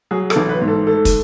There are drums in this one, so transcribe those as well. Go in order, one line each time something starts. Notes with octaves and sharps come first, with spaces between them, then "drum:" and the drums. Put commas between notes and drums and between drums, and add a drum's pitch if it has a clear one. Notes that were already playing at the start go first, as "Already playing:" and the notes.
F#3 G#4
A4, drum: rim click
A1
B4
G#2
A4
A3 A4
drum: kick, hi-hat